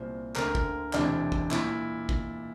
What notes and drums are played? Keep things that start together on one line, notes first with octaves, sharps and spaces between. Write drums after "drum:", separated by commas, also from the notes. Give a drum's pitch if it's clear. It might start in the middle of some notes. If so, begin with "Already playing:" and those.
Already playing: C2 A#2 C5
D2 D3 A#4, drum: clap
drum: kick G#1
E1 D2 C3 E3 D4, drum: clap
drum: kick G#1
A#2 E4, drum: clap
drum: kick G#1